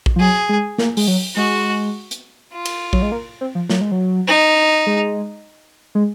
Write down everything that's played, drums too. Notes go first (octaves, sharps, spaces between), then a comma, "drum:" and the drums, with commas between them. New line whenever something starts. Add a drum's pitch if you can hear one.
drum: kick A#1
F3
F#3 G#4
G#3
A#3, drum: snare
G#3, drum: open hi-hat
F#3
G#3 F#4
drum: hi-hat
F4
drum: cymbal
F#3, drum: kick A#1
G#3
A#3
C4
F3
F#3, drum: snare
G#3
F#3
D#4
G#3
G#3